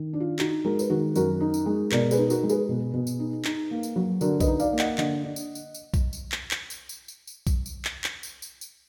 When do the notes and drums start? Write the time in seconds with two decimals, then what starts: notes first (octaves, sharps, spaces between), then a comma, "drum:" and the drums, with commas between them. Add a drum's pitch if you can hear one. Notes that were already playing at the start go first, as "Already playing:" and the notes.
Already playing: D#3
0.13 D4
0.20 F4
0.39 D#4 F#4, drum: clap
0.65 G#3 F#4 A#4
0.79 B4, drum: tambourine
0.90 D#3 F#4 A#4
1.16 F#2 F#4 A#4, drum: tambourine
1.40 D#4
1.54 drum: tambourine
1.66 G#3
1.92 B2 A#4 D5, drum: clap
2.11 G#4 B4, drum: tambourine
2.17 D#4
2.30 F#4 A#4, drum: tambourine
2.43 G#3
2.50 G#4 B4, drum: tambourine
2.69 B2
2.93 B2
3.07 drum: tambourine
3.19 D#4
3.45 D#4, drum: clap
3.71 A#3
3.83 drum: tambourine
3.96 F#3
4.21 D3 F#4 A#4, drum: tambourine
4.40 B4 D#5, drum: kick A#1, tambourine
4.47 D#4
4.60 D5 F5, drum: tambourine
4.73 A#3
4.79 D#5 F#5, drum: clap
4.98 D3 D#5 F#5, drum: clap
5.24 D4
5.36 drum: tambourine
5.55 drum: tambourine
5.74 drum: tambourine
5.94 drum: kick A#1, tambourine
6.13 drum: tambourine
6.32 drum: clap
6.51 drum: clap
6.70 drum: tambourine
6.89 drum: tambourine
7.08 drum: tambourine
7.27 drum: tambourine
7.47 drum: kick A#1, tambourine
7.66 drum: tambourine
7.85 drum: clap
8.04 drum: clap
8.23 drum: tambourine
8.42 drum: tambourine
8.61 drum: tambourine